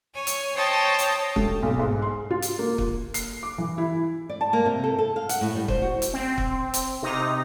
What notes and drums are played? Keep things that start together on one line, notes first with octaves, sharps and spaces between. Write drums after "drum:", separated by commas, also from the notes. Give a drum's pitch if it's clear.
C#5 G#5
drum: hi-hat
C5 C#5 D#5 G5 A5
drum: hi-hat
A3, drum: kick
B1
G#2
C6
F4
drum: hi-hat
A#3
drum: kick
C7, drum: hi-hat
D6
E3
E4
D5
A5
A#3
C3
A4
A4
F5
F#5, drum: hi-hat
A2
G3
C5, drum: kick
F#4
drum: hi-hat
C4
drum: kick
drum: hi-hat
C3 D#4 A#6